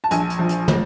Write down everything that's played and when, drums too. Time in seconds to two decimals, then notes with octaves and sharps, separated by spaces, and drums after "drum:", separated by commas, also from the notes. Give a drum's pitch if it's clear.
0.04 A5
0.11 A#1 G#5, drum: hi-hat
0.30 drum: hi-hat
0.39 F3
0.49 drum: hi-hat
0.68 drum: tom